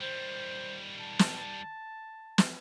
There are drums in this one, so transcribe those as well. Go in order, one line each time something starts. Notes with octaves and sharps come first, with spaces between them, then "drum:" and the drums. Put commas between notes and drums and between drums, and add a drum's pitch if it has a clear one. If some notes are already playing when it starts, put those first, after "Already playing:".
D#3 G3 C5
A5
drum: snare
drum: snare